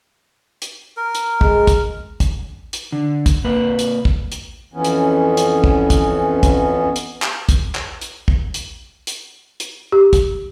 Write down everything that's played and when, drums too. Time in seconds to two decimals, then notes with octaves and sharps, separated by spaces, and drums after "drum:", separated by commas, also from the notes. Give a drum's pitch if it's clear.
0.62 drum: hi-hat
0.97 A#4
1.15 drum: hi-hat
1.41 G#3, drum: kick
1.67 drum: kick, hi-hat
2.20 drum: kick, hi-hat
2.73 drum: hi-hat
2.92 D3
3.26 drum: kick, hi-hat
3.44 A#2 A#3 B4
3.79 drum: hi-hat
4.05 drum: kick
4.32 drum: hi-hat
4.74 F2 E3 B3 C#4
4.84 drum: hi-hat
5.37 drum: hi-hat
5.64 drum: kick
5.90 drum: kick, hi-hat
6.43 drum: kick, hi-hat
6.96 drum: hi-hat
7.22 drum: clap
7.49 drum: kick, hi-hat
7.75 drum: clap
8.01 drum: hi-hat
8.28 drum: kick
8.54 drum: hi-hat
9.07 drum: hi-hat
9.60 drum: hi-hat
9.92 G4
10.13 drum: kick, hi-hat